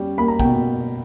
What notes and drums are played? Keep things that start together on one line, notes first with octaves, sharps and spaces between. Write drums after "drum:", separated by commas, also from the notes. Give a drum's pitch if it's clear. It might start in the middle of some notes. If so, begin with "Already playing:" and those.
Already playing: G3 C#4
A#3 B5
A#5
B2 G5, drum: kick